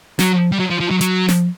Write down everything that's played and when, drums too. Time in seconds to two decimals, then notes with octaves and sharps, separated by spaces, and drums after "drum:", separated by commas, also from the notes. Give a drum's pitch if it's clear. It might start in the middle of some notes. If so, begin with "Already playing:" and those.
0.19 F#3, drum: snare
0.52 G3
0.60 F#3
0.70 F3
0.80 F3
0.91 F#3
1.01 F#3, drum: hi-hat
1.29 drum: snare